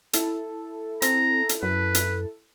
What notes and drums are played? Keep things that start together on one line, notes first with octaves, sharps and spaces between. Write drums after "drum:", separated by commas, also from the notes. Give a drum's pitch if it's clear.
E4 A4, drum: hi-hat
C4 A#5, drum: hi-hat
drum: hi-hat
F#2 B4
drum: hi-hat